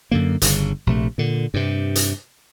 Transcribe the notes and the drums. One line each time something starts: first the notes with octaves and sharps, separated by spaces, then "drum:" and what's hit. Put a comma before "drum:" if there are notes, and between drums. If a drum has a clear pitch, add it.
F#2 D3 A#3
G1 C#3, drum: hi-hat
A#1 C3 A3
A#2 D3
G2 C3
drum: hi-hat